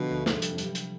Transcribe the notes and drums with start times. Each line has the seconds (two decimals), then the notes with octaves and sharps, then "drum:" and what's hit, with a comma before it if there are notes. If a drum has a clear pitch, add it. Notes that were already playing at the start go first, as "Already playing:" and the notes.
Already playing: B2 D3 F3
0.10 D2
0.26 G#2 C3, drum: snare
0.42 G3, drum: hi-hat
0.50 F2
0.58 G2 G3, drum: hi-hat
0.75 drum: hi-hat